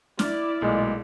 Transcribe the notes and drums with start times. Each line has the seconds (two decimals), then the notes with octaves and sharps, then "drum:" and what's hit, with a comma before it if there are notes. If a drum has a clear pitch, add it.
0.19 E4 D5 F6, drum: snare
0.62 B1 A#2 G#3 A3